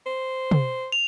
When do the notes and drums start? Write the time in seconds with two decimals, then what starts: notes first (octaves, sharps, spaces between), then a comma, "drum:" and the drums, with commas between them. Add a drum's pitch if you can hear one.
0.06 C5
0.51 drum: tom
0.92 F7